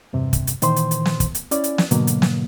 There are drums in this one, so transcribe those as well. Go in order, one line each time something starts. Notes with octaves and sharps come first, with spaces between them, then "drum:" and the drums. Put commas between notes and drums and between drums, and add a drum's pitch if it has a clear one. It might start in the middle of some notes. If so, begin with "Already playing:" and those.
E2 G2 C3
drum: kick, hi-hat
drum: hi-hat
A#2 D#3 E3 C5 C6, drum: hi-hat
drum: hi-hat
drum: hi-hat
drum: snare
drum: kick, hi-hat
drum: hi-hat
C#4 E4 D5, drum: hi-hat
drum: hi-hat
drum: snare
G#2 B2 D3 F#3 A#3, drum: hi-hat
drum: hi-hat
drum: snare